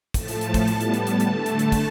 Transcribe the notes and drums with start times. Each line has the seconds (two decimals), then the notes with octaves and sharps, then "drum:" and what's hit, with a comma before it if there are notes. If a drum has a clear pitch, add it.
0.14 A2 F3 A3 A5, drum: kick, hi-hat
0.28 drum: hi-hat
0.41 drum: hi-hat
0.54 drum: kick, hi-hat
0.68 A2 G3 B3, drum: hi-hat
0.80 drum: hi-hat
0.94 drum: hi-hat
1.07 drum: hi-hat
1.20 D3 A3, drum: hi-hat
1.46 drum: hi-hat
1.59 drum: hi-hat
1.72 drum: kick, hi-hat